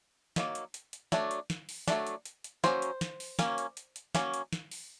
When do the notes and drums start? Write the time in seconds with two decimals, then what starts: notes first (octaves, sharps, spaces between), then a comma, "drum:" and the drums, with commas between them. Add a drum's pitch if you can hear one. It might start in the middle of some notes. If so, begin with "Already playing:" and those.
0.36 D#3 F#3 A#3, drum: snare
0.55 drum: hi-hat
0.74 drum: hi-hat
0.93 drum: hi-hat
1.12 F#3 A3 D4, drum: snare
1.31 drum: hi-hat
1.50 drum: snare
1.69 drum: open hi-hat
1.88 F#3 A3 D4, drum: snare
2.07 drum: hi-hat
2.25 drum: hi-hat
2.44 drum: hi-hat
2.64 F#3 A#3 C#4 C5, drum: snare
2.82 drum: hi-hat
3.01 drum: snare
3.20 drum: open hi-hat
3.39 F#3 A#3 C#4, drum: snare
3.58 drum: hi-hat
3.77 drum: hi-hat
3.96 drum: hi-hat
4.15 F#3 A#3 C#4, drum: snare
4.34 drum: hi-hat
4.53 drum: snare
4.71 drum: open hi-hat